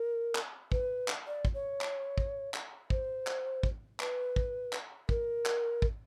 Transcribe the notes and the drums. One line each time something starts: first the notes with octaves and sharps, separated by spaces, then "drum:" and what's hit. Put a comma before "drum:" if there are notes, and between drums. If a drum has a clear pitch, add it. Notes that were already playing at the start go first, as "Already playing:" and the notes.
Already playing: A#4
drum: clap
B4, drum: kick
drum: clap
D5
drum: kick
C#5
drum: clap
drum: kick
drum: clap
C5, drum: kick
drum: clap
drum: kick
B4, drum: clap
drum: kick
drum: clap
A#4, drum: kick
drum: clap
drum: kick